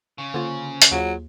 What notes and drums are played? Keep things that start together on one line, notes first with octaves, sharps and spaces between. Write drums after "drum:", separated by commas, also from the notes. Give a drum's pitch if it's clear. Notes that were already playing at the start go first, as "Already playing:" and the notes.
C#3
D3 A#3 F4 C5
drum: hi-hat
D#2 F#3 F4 G#4 C5